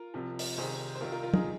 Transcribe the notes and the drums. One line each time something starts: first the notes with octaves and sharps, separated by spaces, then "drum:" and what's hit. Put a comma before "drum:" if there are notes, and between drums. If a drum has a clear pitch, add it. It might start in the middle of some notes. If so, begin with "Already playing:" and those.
Already playing: F4 A#4
C2 C3 F3
drum: open hi-hat
C2 C3 D#3 G#4 C5
C5
C2 C3 D#3 F4 A#4
F4 A#4
F4 A#4
D#4 G#4, drum: tom